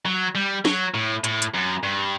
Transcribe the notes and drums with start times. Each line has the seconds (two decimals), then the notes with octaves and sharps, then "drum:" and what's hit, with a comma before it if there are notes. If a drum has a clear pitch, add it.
0.06 F#3
0.35 G3
0.65 F#3, drum: snare
0.94 A2
1.24 A2, drum: hi-hat
1.42 drum: hi-hat
1.54 F#2
1.83 G2